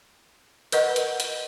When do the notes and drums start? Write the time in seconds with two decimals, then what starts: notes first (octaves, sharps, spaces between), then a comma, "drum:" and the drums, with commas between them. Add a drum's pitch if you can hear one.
0.72 A#4 B4 D#5 F#5, drum: hi-hat
0.96 drum: hi-hat
1.20 drum: hi-hat